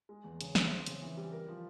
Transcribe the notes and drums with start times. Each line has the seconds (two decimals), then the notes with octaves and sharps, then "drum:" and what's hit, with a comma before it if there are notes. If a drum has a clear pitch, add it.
0.09 G#3
0.24 E2
0.41 C#3, drum: hi-hat
0.55 E3, drum: snare
0.71 C4
0.86 C#3, drum: hi-hat
1.02 E3
1.17 G3
1.32 A#4
1.48 F3